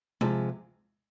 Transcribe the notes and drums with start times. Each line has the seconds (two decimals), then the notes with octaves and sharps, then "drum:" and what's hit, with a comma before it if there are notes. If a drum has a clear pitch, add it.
0.21 C3 F3 G#3, drum: tom G#3